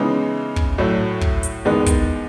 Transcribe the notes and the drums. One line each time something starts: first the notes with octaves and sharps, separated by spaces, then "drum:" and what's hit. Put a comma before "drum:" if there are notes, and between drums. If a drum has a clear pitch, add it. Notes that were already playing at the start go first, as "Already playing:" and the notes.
Already playing: C#3 E3 G#3 B3 D#4
drum: kick
A2 F#3 A3
drum: kick
drum: hi-hat
E2 D#3 G#3 B3 D#4
drum: kick, hi-hat